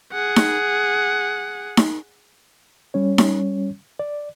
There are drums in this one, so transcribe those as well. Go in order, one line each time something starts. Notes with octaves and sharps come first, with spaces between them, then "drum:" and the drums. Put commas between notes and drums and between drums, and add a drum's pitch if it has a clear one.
G#4 F#5
drum: snare D#4
drum: snare D#4
G3 C#4 C#5
drum: snare D#4
D5